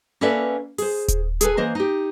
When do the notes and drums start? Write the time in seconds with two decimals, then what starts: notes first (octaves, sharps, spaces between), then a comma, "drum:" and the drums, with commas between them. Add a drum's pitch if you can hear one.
0.21 A#3 C#4 A4 B4 D5 E5
0.78 G#4 C5, drum: open hi-hat
1.08 drum: kick D#1, hi-hat
1.41 G#4 A4 B4 G#5, drum: hi-hat
1.57 E3 A#3 C5 D#5
1.75 D#4 G4